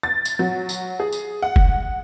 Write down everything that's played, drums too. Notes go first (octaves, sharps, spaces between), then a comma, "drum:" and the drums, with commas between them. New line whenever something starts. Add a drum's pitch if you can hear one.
A6
drum: tambourine
F#3
drum: tambourine
G#4
drum: tambourine
F#5
drum: kick